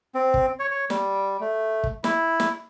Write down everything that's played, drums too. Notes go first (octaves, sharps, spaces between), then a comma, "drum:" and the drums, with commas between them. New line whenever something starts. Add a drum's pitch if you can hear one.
C4
drum: kick
C#5
C#5
G3, drum: snare
A3
drum: kick
E4, drum: snare
drum: snare